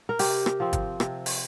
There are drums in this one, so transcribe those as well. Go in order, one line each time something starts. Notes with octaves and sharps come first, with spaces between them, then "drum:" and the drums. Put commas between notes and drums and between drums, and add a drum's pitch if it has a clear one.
A#4
C3 G4, drum: open hi-hat
drum: rim click
F3 C4
drum: kick, hi-hat
C3, drum: rim click
drum: open hi-hat